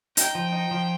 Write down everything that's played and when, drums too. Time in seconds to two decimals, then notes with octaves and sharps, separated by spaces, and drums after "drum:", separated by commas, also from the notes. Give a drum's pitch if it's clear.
0.17 D#4 G5, drum: hi-hat
0.35 F3
0.52 D#4
0.71 F3